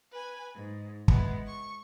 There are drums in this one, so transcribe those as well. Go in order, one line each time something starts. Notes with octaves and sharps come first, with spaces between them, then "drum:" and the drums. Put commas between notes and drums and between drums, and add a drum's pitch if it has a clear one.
B4 G#5
G#2
G#3 B3 E4, drum: kick
C#6